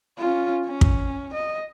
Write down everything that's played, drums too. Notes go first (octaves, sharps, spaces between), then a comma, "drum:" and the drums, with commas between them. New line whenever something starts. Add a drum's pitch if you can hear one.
C#4 F4
C#4
drum: kick
D#5